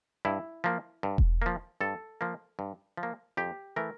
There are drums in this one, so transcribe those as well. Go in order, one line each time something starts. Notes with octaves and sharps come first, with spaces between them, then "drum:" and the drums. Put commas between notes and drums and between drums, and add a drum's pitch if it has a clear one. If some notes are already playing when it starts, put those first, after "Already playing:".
G2 E4
F3 A#3
G2
drum: kick E1
F3 A#3
G2 A4
F3 A#3
G2
F3
A#3
F2 G4
E3 A3 A#4